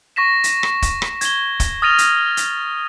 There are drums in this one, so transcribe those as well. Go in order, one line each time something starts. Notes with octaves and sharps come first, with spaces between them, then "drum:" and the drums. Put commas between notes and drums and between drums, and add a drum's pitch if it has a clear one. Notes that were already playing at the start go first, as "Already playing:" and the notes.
C#6 A#6 B6 E7
drum: hi-hat
drum: rim click
drum: kick, hi-hat
drum: rim click
G#6 G7, drum: hi-hat
drum: kick, hi-hat
D#6 F6 A6 A#6 D#7 F7
drum: hi-hat
drum: hi-hat